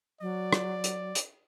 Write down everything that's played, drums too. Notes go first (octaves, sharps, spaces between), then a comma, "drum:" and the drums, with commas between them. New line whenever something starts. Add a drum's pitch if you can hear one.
F#3 D5
drum: rim click
drum: hi-hat
drum: hi-hat